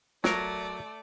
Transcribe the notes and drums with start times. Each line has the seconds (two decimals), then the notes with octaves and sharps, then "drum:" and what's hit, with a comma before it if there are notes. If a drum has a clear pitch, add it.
0.24 F#3 A3 A#4 D5, drum: snare